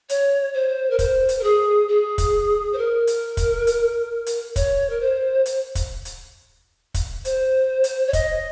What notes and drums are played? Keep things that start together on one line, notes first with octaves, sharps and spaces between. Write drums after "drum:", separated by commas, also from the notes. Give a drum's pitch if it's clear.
C#5, drum: hi-hat
C5
A#4
C5, drum: kick, hi-hat
drum: hi-hat
A#4
G#4
G#4
drum: kick, hi-hat
C5
A#4
drum: hi-hat
drum: kick, hi-hat
drum: hi-hat
drum: hi-hat
C#5, drum: kick, hi-hat
A#4
C5
drum: hi-hat
drum: kick, hi-hat
drum: hi-hat
drum: kick, hi-hat
C5, drum: hi-hat
drum: hi-hat
C#5
D#5, drum: kick, hi-hat